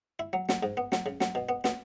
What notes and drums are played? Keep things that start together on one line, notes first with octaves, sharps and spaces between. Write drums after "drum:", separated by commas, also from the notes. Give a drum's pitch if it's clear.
E4
F#3
F#3, drum: snare
G#2
B3
F#3, drum: snare
C#3
F#3, drum: snare
B2
B3
B3, drum: snare